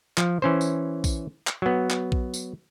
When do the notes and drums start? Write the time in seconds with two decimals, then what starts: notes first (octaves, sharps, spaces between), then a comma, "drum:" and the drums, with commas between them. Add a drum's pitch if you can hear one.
0.18 F3, drum: clap
0.42 E3 C#4 C5
0.61 drum: tambourine
1.04 drum: kick A#1, tambourine
1.47 drum: clap
1.62 F#3 B3
1.90 drum: clap
2.12 drum: kick A#1
2.34 drum: tambourine